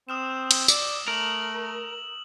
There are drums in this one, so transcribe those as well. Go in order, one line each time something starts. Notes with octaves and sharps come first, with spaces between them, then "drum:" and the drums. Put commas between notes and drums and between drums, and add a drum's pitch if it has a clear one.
C4 D#6 F6 E7
drum: cymbal
D5 E6, drum: tambourine
A3 A#4 E7 F#7